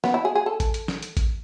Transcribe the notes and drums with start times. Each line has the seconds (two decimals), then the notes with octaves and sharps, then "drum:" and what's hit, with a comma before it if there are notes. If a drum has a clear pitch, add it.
0.04 B3, drum: snare
0.14 E4
0.25 G#4
0.35 G#4
0.46 A4
0.60 drum: kick G#1, hi-hat
0.74 drum: hi-hat
0.88 drum: snare
1.03 drum: hi-hat
1.17 drum: kick G#1, hi-hat